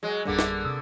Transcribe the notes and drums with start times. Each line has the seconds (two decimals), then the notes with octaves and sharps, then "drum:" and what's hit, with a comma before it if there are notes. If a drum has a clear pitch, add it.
0.03 F#3 G#3
0.25 G#1 F2 D3 G3 A#3 B3
0.39 drum: snare
0.65 C3 D#6 E6